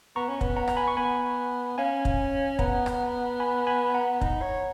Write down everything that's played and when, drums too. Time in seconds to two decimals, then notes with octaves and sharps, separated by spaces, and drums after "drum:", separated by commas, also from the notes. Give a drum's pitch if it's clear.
0.16 B3 A#5 C#6
0.29 C#4
0.41 B3, drum: kick
0.56 F#5 A#5
0.68 A#5, drum: rim click
0.77 G#5 B5
0.88 C#6
0.97 B3 G#5 B5
1.78 C#4 F5 G#5
2.05 drum: kick
2.59 B3 F#5 A#5, drum: kick
2.86 drum: rim click
3.40 G#5 B5
3.67 G#5 B5
3.94 F#5 A#5
4.21 D#4, drum: kick
4.41 C#5